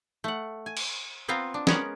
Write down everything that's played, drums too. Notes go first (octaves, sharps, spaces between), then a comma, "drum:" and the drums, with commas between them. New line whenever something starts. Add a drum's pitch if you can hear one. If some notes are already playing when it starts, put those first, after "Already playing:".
A3 F#5
G#5
drum: cymbal
B3 C4 F4 F5 A#5
D4
G#3 B3 C#4 A#4 F#5 A#5, drum: snare